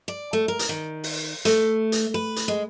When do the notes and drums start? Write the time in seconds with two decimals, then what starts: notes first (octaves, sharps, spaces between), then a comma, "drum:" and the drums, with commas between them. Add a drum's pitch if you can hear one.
0.08 D5
0.33 A3
0.48 A#4
0.59 drum: hi-hat
0.69 D#3
1.04 drum: open hi-hat
1.45 A3, drum: hi-hat
1.92 drum: hi-hat
2.14 B4
2.36 drum: hi-hat
2.48 G#3